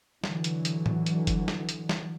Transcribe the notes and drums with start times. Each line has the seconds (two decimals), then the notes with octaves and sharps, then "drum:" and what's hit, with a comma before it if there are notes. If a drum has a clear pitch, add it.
0.24 D3 E3 F#3, drum: snare
0.44 drum: hi-hat
0.65 drum: hi-hat
0.86 drum: tom
1.06 drum: hi-hat
1.27 drum: kick F#1, hi-hat
1.48 drum: snare
1.69 drum: hi-hat
1.89 drum: snare